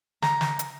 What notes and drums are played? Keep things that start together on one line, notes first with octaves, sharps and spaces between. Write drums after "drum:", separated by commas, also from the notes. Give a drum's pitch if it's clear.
A#5, drum: snare
drum: snare
drum: hi-hat